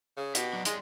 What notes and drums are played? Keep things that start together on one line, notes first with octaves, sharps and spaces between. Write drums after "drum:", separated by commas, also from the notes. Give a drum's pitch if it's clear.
C#3
B2 G4, drum: hi-hat
F#3 D4
G3 G#3 C6, drum: hi-hat